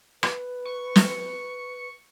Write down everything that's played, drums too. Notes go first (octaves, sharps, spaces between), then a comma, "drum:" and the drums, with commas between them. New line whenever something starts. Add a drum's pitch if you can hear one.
B4, drum: rim click
C#6
drum: snare